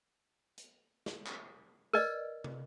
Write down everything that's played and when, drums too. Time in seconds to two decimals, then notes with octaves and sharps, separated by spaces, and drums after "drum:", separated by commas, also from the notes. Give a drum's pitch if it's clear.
0.58 drum: hi-hat
1.06 drum: snare
1.26 drum: clap
1.94 A#4 B4 D5 D#5, drum: tambourine
2.44 drum: tom